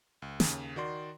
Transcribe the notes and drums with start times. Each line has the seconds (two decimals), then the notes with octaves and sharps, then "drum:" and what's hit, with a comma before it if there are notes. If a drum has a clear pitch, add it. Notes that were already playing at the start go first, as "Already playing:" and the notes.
0.22 C#2
0.40 D#2 C#3, drum: snare
0.76 D#3 F#4 D5 C6